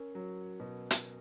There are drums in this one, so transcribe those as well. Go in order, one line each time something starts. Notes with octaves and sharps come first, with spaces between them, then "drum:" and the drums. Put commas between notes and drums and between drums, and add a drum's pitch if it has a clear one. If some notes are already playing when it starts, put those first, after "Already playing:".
Already playing: C#4 A#4
F#3
B2
drum: hi-hat